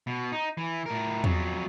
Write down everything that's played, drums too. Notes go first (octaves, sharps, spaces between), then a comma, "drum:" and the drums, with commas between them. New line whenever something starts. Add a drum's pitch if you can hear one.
B2
D#4
E3
A2 A#4
F2 F#3, drum: tom E2